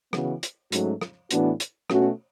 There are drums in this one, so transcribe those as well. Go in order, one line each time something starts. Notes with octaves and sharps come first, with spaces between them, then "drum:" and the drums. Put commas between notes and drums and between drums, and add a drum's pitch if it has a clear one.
C#3 E3 B3 F#4, drum: rim click
drum: hi-hat
G#2 F#3 A3 C#4 F#4, drum: hi-hat
drum: rim click
A2 E3 B3 D4 F#4, drum: hi-hat
drum: hi-hat
B2 A3 C#4 F#4, drum: rim click